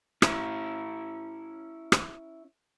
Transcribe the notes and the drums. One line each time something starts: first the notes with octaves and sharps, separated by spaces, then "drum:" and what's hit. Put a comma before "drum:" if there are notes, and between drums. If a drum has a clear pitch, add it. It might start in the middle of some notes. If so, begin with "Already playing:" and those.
C#4 E4, drum: rim click
drum: rim click